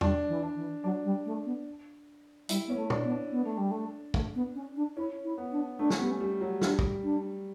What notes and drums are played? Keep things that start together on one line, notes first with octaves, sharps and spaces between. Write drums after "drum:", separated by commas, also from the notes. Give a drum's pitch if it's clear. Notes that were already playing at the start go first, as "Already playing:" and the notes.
G3 D4, drum: tom
E3
D4
E3
F#3 D4
G3
A3
B3
G3 E4, drum: hi-hat
B3 C#4
A3
D4, drum: tom
B3
D4
B3
A3
G3
A3
A3, drum: kick
B3
C#4
D4
C#4 E4
E4
B3
D4
A3 D4
C#4, drum: snare
G3 B3
C#4
G3
F#3
G3 D4, drum: snare
drum: kick
D4